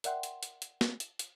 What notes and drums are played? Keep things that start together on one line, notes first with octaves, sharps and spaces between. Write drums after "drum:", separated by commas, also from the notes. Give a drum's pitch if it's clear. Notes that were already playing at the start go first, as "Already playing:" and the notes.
A#4 D5 E5 F#5 G5 C6, drum: hi-hat
drum: hi-hat
drum: hi-hat
drum: hi-hat
drum: snare A#3
drum: hi-hat
drum: hi-hat